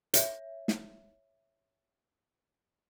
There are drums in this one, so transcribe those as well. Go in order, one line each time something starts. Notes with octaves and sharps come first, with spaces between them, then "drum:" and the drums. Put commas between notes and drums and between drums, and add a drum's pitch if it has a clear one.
C#5 E5, drum: hi-hat
drum: snare